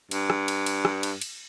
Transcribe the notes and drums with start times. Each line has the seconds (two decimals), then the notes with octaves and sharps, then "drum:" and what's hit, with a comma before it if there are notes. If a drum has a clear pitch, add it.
0.11 G2, drum: cymbal
0.30 drum: rim click
0.48 drum: cymbal
0.66 drum: cymbal
0.85 drum: rim click
1.03 drum: cymbal
1.22 drum: cymbal